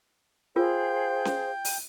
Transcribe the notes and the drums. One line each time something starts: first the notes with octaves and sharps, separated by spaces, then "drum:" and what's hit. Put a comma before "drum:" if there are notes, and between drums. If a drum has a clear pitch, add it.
F4 G#4 A#4 C5 F5 G5
drum: snare C#4
drum: open hi-hat